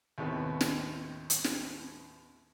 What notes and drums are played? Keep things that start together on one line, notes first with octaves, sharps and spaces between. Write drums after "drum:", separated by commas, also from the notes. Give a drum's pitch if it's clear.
D#2 A2 C3 B3
drum: snare
drum: hi-hat
drum: snare